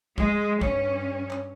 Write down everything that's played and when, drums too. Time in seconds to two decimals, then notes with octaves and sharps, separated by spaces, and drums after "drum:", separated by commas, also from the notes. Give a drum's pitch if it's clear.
0.18 G#3, drum: kick
0.61 G2 C#4, drum: kick
1.31 drum: clap